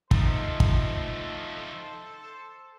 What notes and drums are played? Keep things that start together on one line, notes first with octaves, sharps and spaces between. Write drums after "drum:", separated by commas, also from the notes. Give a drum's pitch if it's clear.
F3 A3 D#4 A4 C5, drum: kick
drum: kick